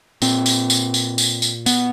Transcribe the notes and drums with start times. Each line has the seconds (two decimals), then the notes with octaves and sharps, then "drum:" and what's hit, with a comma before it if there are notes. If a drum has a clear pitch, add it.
0.22 A#2 C4, drum: tambourine
0.46 drum: tambourine
0.70 drum: tambourine
0.94 drum: tambourine
1.18 drum: tambourine
1.42 drum: tambourine
1.66 B3, drum: tambourine